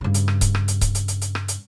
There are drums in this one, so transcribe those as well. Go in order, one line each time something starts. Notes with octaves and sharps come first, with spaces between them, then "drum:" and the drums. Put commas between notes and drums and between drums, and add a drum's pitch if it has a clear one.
G2 C#3
drum: hi-hat
drum: rim click
drum: kick C#1, hi-hat
drum: rim click
drum: hi-hat
drum: kick C#1, hi-hat
drum: hi-hat
drum: hi-hat
drum: hi-hat
drum: rim click
drum: hi-hat